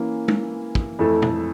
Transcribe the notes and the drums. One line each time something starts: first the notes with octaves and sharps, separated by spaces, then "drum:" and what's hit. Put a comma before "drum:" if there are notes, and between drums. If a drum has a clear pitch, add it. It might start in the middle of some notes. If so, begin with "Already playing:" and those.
Already playing: E3 A#3 C#4
drum: tom G#3
drum: kick
F2 E3 A3 E4 A4
drum: tom A#2